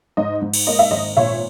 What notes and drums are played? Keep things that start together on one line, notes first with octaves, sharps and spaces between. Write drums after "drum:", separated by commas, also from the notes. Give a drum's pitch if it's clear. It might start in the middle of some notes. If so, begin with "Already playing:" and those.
G#2 D#5
G#2
drum: cymbal
A#3 D#5
E5
G#1 D#5
A#2 C#5 E5